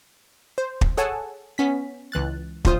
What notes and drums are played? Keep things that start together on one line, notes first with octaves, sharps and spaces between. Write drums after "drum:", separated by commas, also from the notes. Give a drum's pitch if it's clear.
C5
drum: kick
G#4 A4 C#5 F#5 G#5 A5
B3 C#4 B6
C#2 E3 F#6 A6
G#1 D2 F4 C5 D#6, drum: kick